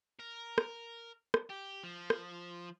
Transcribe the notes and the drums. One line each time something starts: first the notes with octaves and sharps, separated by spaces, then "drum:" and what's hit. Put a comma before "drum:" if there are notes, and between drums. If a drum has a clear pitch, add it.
A#4
drum: rim click
drum: rim click
G4
F3
drum: rim click